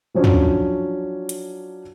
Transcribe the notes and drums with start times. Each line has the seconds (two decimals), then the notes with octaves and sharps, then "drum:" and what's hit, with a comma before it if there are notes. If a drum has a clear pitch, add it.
0.14 F3 F#3 C#4 D4
0.24 drum: tom
1.29 drum: hi-hat